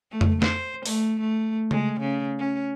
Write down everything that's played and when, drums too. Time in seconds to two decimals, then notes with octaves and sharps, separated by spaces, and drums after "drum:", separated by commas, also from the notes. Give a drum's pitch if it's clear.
0.11 A3
0.21 drum: tom F2
0.42 C5, drum: snare
0.86 A3, drum: open hi-hat
1.20 A3
1.71 G#3, drum: tom C#3
2.00 C#3
2.39 C#4